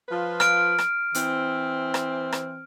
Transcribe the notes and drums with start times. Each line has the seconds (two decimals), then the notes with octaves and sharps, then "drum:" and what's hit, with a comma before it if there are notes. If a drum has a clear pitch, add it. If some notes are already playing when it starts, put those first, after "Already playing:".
0.09 F3 F4 B4
0.40 F6 D7, drum: rim click
0.78 drum: rim click
1.15 E3 C4, drum: hi-hat
1.94 drum: rim click
2.32 drum: rim click